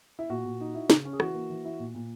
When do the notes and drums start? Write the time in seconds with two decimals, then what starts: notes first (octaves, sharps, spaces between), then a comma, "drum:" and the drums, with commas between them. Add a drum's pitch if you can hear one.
0.19 E4
0.30 A#2 F#4
0.45 A#2
0.61 D#4
0.75 E4
0.90 C#3, drum: snare
1.05 C#4
1.13 G#4
1.20 E3 F#4, drum: rim click
1.34 A#3
1.50 E3
1.65 E4
1.79 A#2
1.95 A#2